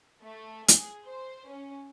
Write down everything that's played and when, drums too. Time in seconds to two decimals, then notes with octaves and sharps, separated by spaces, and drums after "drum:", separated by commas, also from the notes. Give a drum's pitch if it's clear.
0.22 A3
0.68 G#4, drum: hi-hat
1.06 C5
1.50 C#4